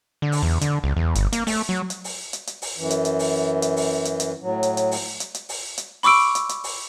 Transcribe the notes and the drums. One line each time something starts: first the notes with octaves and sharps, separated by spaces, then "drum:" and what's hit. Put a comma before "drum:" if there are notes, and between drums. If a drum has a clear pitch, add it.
D3
drum: open hi-hat
E2
D3, drum: hi-hat
C#2
E2
G1, drum: hi-hat
A#3, drum: hi-hat
A3, drum: open hi-hat
F#3
drum: hi-hat
drum: open hi-hat
drum: hi-hat
drum: hi-hat
drum: open hi-hat
F#2 E3
drum: hi-hat
drum: hi-hat
drum: open hi-hat
drum: hi-hat
drum: open hi-hat
drum: hi-hat
drum: hi-hat
A2 F#3
drum: hi-hat
drum: hi-hat
drum: open hi-hat
drum: hi-hat
drum: hi-hat
drum: open hi-hat
drum: hi-hat
B5 C#6 D6 E6 D7, drum: open hi-hat
drum: hi-hat
drum: hi-hat
drum: open hi-hat